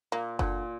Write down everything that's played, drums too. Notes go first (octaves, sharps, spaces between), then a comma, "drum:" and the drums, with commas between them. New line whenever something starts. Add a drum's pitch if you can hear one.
A#2 A#3
A#2 D3, drum: kick F#1